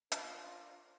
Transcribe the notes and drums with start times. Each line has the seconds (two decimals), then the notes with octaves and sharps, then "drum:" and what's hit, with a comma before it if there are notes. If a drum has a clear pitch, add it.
0.12 D4 F4 A#4 C5, drum: hi-hat